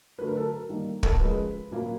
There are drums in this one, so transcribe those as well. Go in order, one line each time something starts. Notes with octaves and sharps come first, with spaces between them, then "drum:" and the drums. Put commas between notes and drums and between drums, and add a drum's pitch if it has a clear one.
D3 F#3 A3 B4
A#4
A4
A#4
D#3 G3 A#3
A4, drum: kick
A#4
C#3 F3 G#3 B4
A#2 F#3 A#3